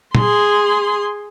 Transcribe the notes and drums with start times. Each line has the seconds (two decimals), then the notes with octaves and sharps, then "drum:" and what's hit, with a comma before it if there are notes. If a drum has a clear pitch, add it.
0.15 G#4 C6, drum: tom